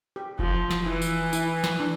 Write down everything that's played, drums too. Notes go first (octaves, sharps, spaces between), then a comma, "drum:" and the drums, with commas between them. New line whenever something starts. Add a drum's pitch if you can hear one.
G4
F3 F4, drum: kick F1
drum: snare
E3 E4
drum: tambourine
E4, drum: tambourine
drum: snare
D4